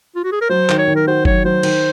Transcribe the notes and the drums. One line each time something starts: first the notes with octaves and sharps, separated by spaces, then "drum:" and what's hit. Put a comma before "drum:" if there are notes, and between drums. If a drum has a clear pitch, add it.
F4
F#4
G#4
A#4
F#3 C5
D#3, drum: clap
C#5
D#3
A#4
F#4 C5
F#3 C#5, drum: kick G1
F#3 C5
D#3, drum: cymbal